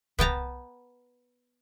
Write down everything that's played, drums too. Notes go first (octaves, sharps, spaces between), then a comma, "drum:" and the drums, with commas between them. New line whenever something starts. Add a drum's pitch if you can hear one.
B3 G5 A5 A#5, drum: kick C2